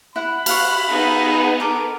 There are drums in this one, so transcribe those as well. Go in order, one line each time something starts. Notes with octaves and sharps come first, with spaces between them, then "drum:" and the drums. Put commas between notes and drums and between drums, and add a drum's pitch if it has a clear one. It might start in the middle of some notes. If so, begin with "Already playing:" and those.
E4 F#5 B5
F5 F#5 C#6, drum: cymbal
B3 D#4 G#4
A4 A#4 D6